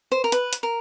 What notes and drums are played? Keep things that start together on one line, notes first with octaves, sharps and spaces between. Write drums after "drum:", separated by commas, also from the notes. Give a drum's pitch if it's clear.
C5
A#4
B4, drum: hi-hat
drum: hi-hat
A#4